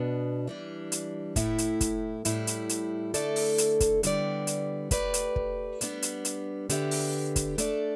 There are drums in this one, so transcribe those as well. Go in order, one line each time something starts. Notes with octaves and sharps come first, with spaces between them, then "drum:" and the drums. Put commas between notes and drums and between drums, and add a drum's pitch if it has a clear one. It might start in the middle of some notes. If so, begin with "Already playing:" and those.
Already playing: B2 B3 D4
E3 G3 D4
drum: hi-hat
A2 A3 E4, drum: kick, hi-hat
drum: hi-hat
drum: kick, hi-hat
A2 G3 E4, drum: hi-hat
drum: hi-hat
drum: hi-hat
D3 A3 E4 A4 D5, drum: hi-hat
drum: open hi-hat
drum: hi-hat
drum: kick, hi-hat
D3 G3 B3 G4 D5, drum: hi-hat
drum: hi-hat
A3 G4 B4 D5, drum: kick, hi-hat
drum: hi-hat
drum: kick
G3 B3 D4, drum: hi-hat
drum: hi-hat
drum: hi-hat
D3 B3 G4 E5, drum: hi-hat
drum: open hi-hat
drum: kick, hi-hat
A3 D4 A4 D5, drum: hi-hat